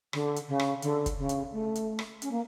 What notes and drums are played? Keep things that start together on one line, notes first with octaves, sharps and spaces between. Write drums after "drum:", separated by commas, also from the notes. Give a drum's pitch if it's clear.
D3, drum: rim click
drum: hi-hat
C#3
drum: rim click
D3, drum: hi-hat
drum: kick, hi-hat
C#3
drum: hi-hat
A3
drum: hi-hat
drum: rim click
C#4, drum: hi-hat
A#3